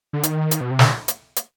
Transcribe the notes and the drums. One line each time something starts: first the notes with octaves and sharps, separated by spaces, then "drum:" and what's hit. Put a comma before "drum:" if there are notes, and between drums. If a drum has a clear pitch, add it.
D3
D#3, drum: hi-hat
drum: hi-hat
B2
C3
D3, drum: snare
drum: hi-hat
drum: hi-hat